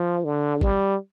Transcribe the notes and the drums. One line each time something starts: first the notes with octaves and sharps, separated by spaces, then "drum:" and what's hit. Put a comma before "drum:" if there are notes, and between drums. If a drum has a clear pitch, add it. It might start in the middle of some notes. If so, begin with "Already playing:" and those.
Already playing: F3
D3
G3, drum: kick